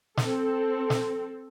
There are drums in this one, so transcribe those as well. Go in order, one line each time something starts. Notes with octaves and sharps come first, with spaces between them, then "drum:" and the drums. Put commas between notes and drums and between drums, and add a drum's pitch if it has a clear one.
C4 A4, drum: snare
drum: snare